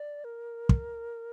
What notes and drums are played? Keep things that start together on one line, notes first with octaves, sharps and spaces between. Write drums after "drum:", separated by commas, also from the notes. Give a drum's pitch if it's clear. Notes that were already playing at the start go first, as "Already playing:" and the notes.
Already playing: D5
A#4
drum: kick